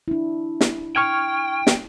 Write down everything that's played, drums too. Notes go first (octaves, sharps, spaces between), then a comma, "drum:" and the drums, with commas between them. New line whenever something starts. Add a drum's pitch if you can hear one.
D4 E4
drum: snare
G5 C#6 F6 G#6
drum: snare